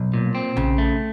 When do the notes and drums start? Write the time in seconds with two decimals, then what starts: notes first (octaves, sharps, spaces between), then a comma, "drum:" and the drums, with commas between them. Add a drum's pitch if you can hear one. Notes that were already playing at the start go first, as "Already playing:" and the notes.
Already playing: B1
0.14 A#2
0.35 C4
0.57 C#3, drum: tom A#1
0.78 A3